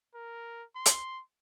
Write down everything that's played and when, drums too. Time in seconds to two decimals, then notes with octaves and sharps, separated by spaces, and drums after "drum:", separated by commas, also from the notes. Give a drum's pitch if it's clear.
0.14 A#4
0.76 C6
0.86 drum: hi-hat